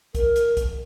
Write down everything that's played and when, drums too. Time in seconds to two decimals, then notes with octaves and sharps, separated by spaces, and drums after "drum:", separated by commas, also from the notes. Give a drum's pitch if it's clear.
0.15 A#4, drum: kick, hi-hat
0.36 drum: hi-hat
0.57 drum: kick, hi-hat